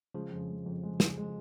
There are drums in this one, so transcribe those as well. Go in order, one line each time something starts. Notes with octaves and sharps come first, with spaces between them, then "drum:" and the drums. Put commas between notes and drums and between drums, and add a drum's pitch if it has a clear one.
C#3 F3 G#3
F2
G#3
F2
G#3
G#3, drum: snare
G#3